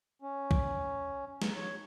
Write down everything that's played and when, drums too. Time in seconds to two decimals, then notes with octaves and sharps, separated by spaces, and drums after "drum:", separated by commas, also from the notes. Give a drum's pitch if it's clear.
0.22 C#4
0.51 drum: kick
1.42 drum: snare
1.56 C#5